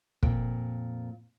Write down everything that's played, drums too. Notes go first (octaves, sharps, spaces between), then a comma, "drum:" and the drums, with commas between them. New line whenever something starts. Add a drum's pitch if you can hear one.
F2 A#2 G5, drum: kick